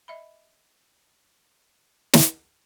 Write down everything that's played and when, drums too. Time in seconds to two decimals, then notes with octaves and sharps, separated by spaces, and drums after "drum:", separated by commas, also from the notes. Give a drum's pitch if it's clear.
0.08 D#5 E5 B5
2.13 drum: snare